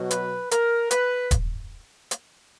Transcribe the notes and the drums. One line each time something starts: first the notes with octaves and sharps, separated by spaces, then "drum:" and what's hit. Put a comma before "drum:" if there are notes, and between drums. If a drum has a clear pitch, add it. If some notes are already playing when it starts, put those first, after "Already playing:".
Already playing: B2 F#3
B4, drum: hi-hat
A#4, drum: hi-hat
B4, drum: hi-hat
drum: kick D#1, hi-hat
drum: hi-hat